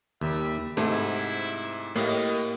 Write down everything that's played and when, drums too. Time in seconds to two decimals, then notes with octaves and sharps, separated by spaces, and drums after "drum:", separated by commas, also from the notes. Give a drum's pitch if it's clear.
0.21 D#2 G3 E5
0.77 G#2 C3 A3 E4, drum: snare
1.96 A2 A#3 G4 D#5 F5, drum: open hi-hat